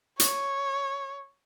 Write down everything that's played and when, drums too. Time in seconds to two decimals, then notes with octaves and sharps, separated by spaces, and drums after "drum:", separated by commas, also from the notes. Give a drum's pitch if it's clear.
0.20 C#5, drum: hi-hat